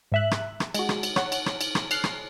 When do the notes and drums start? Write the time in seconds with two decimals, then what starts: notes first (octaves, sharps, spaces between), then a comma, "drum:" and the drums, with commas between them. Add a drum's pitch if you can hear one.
0.12 G#2 E5 F#6
0.31 drum: rim click
0.60 drum: rim click
0.74 G#3 F#4, drum: cymbal
0.89 drum: rim click
1.03 drum: cymbal
1.16 C#5 F#5, drum: rim click
1.32 drum: cymbal
1.46 drum: rim click
1.61 drum: cymbal
1.75 drum: rim click
1.91 F6 F#6 C7, drum: cymbal
2.04 drum: rim click